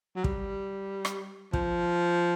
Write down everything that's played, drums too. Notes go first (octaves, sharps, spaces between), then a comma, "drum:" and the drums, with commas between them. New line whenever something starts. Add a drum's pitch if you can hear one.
F#3
G3, drum: kick
drum: rim click
F3, drum: kick